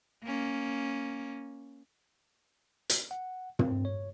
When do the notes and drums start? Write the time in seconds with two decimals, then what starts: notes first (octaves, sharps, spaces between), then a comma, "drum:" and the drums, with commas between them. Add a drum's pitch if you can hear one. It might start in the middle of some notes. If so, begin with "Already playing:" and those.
0.24 A#3 C#4
2.90 drum: hi-hat
3.11 F#5
3.59 C4, drum: tom
3.85 C#5